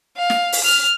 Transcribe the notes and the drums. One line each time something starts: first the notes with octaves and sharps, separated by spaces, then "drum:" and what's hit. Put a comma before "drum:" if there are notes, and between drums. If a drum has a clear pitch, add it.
F5
drum: snare
drum: open hi-hat
F6